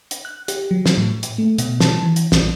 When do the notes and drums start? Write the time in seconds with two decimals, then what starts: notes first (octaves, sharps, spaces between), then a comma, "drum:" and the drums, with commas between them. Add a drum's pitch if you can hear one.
0.11 drum: hi-hat
0.25 F#6
0.48 G4, drum: hi-hat
0.71 F#3
0.86 drum: snare
0.97 A2
1.23 drum: hi-hat
1.38 A3
1.58 B2, drum: hi-hat
1.80 A5, drum: snare
2.03 E3
2.16 drum: hi-hat
2.32 A#1, drum: snare